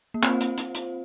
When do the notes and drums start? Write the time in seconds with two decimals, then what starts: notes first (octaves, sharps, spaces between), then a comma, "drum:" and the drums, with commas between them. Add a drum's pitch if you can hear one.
0.14 A#3
0.23 C4 F4 C5 F5, drum: clap
0.41 drum: hi-hat
0.58 drum: hi-hat
0.75 drum: hi-hat